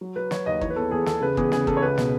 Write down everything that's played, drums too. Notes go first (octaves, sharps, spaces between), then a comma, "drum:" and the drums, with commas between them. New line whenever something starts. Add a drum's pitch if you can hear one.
F#3
F#3 B4
F#3 C#5, drum: snare
D#2 D#5
E3 C#5, drum: kick
B4
E2 A4
E2 G#4
E2 A4, drum: snare
C#3 B4
E2 G#4, drum: kick
C#3 G#4, drum: snare
C#3 A4, drum: kick
C#5
C#2 B4
B2, drum: snare